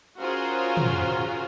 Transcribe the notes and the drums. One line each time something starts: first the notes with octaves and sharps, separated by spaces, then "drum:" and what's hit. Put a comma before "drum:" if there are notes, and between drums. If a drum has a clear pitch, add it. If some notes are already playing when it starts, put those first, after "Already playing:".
C#4 F4 F#4 G#4 A#4 C5
drum: tom